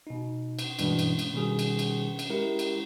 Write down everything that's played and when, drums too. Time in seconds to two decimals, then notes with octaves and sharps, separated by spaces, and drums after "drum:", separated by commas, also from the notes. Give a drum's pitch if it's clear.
0.07 B2 D#4
0.59 drum: cymbal
0.79 G2 B2 E3 G#3 D4, drum: cymbal
0.99 drum: cymbal
1.19 drum: cymbal
1.33 B2 D#3 G3 G#4
1.59 drum: cymbal
1.79 drum: cymbal
2.19 drum: cymbal
2.30 G#3 E4 G4 A#4
2.59 drum: cymbal